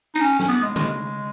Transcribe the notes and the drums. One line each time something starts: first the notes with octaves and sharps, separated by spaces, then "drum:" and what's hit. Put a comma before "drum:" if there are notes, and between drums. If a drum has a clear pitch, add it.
D#4, drum: hi-hat
C#4
C#4, drum: snare
B3
G#3
G#3, drum: tom
G#3